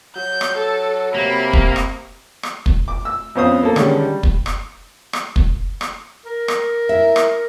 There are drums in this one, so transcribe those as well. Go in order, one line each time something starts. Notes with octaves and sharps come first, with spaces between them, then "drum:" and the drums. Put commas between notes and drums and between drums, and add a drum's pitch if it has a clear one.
F#3 G6
drum: rim click
A4
C3 A#3 B5
drum: kick
drum: rim click
drum: rim click
drum: kick
D6
E6
F2 B3 C#4 C5 F5 D#6
A#3 A4
D3 D#3 G3 G#3 C#4 D4, drum: rim click
G3
drum: kick
drum: rim click
drum: rim click
drum: kick
drum: rim click
A#4
drum: rim click
E4 E5
drum: rim click